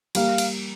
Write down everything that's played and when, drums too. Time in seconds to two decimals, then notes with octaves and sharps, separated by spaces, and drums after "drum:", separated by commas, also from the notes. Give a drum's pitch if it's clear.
0.15 G3 A#3 F5, drum: cymbal
0.38 drum: cymbal